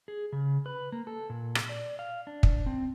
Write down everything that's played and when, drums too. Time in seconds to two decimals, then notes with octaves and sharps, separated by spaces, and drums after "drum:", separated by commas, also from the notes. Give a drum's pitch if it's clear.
0.08 G#4
0.32 C#3
0.66 B4
0.92 A#3
1.07 A4
1.30 A#2
1.55 drum: rim click
1.69 D5
1.99 F5
2.27 D4
2.43 drum: kick
2.66 C4